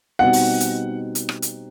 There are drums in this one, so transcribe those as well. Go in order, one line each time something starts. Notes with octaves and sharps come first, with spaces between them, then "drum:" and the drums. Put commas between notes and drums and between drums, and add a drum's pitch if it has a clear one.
B2 G3 C4 D#4 F#5
drum: open hi-hat
drum: hi-hat
drum: hi-hat
drum: rim click
drum: hi-hat